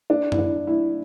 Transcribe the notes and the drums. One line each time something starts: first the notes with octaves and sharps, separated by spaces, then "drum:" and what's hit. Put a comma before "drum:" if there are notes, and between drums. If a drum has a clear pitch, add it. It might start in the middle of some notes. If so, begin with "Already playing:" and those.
D4
E4, drum: tom F#2
D4
E4